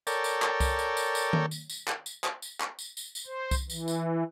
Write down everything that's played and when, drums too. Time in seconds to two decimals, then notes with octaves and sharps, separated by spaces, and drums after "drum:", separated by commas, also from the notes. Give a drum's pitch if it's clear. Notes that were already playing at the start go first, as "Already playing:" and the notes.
0.07 A4 A#4 C#5 D5 G5, drum: tambourine
0.24 drum: tambourine
0.42 drum: clap
0.60 drum: kick C2, tambourine
0.79 drum: tambourine
0.97 drum: tambourine
1.15 drum: tambourine
1.33 drum: tom D#3
1.51 drum: tambourine
1.70 drum: tambourine
1.88 drum: clap
2.06 drum: tambourine
2.24 drum: clap
2.42 drum: tambourine
2.60 drum: clap
2.79 drum: tambourine
2.97 drum: tambourine
3.15 drum: tambourine
3.26 C5
3.51 drum: kick C2, tambourine
3.70 E3, drum: tambourine
3.88 drum: tambourine